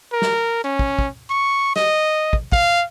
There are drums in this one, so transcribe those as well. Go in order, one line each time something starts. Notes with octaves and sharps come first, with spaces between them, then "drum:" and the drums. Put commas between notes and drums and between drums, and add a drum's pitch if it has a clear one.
A#4
drum: snare
C#4
drum: kick
drum: kick
C#6
D#5, drum: snare
drum: kick
F5, drum: kick